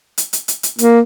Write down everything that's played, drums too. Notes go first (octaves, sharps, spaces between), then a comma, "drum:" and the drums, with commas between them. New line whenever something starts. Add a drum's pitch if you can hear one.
drum: hi-hat
drum: hi-hat
drum: hi-hat
drum: hi-hat
A#3, drum: hi-hat